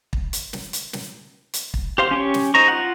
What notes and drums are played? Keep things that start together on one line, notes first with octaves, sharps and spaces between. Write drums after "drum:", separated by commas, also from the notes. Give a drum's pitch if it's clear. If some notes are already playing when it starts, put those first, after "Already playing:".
drum: kick
drum: hi-hat
drum: snare
drum: hi-hat
drum: snare
drum: hi-hat
drum: kick
G4 C5 F5 C6
C#4 G4 C#5
drum: snare
D#4 C5 A#5 C#6
F4 F#5